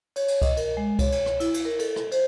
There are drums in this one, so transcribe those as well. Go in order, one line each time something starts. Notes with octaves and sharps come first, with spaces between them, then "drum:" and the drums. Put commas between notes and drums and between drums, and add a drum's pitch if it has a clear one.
C#5, drum: cymbal
drum: cymbal
D#5, drum: kick C2, cymbal
A#4, drum: cymbal
G#3
C#5, drum: kick C2, cymbal
drum: cymbal
drum: rim click
E4, drum: cymbal
drum: cymbal
A#4
A4, drum: cymbal
drum: rim click
C5, drum: cymbal